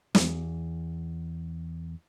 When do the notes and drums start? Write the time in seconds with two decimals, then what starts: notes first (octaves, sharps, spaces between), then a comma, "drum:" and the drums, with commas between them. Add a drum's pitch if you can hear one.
0.15 E2 G#2, drum: snare